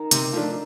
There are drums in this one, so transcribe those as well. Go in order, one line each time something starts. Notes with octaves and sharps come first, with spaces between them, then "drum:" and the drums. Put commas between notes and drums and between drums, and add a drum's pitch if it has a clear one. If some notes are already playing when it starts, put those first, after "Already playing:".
Already playing: D#3
C3, drum: hi-hat
F3 A3 D4